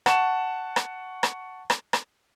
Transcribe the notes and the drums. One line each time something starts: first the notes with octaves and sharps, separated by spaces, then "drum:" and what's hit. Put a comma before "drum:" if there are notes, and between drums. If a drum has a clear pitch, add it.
F#5 A5 C#6 E7, drum: rim click
drum: rim click
drum: rim click
drum: rim click
drum: rim click